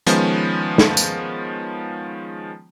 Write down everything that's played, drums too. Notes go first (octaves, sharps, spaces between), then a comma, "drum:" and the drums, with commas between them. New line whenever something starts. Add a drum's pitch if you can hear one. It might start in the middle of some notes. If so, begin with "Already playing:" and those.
D#3 F3 G#3 B3 C#4, drum: hi-hat
drum: snare
drum: tambourine